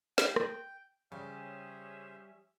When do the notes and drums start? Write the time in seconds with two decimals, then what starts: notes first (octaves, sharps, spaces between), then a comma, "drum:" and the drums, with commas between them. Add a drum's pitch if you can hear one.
0.18 G5, drum: snare
0.36 drum: rim click
1.12 C#3 G3 C#4 G4 G#4 C5 E5